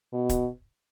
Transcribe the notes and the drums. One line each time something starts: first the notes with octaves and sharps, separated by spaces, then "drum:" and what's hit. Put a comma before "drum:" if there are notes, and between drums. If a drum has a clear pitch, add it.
B2
drum: kick, hi-hat